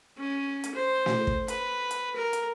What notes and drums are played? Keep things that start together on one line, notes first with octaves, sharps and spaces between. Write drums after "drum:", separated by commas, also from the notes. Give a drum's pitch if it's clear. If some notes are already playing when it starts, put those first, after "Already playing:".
C#4
drum: hi-hat
C5
drum: snare
drum: kick
B4, drum: hi-hat
drum: hi-hat
A#4
drum: hi-hat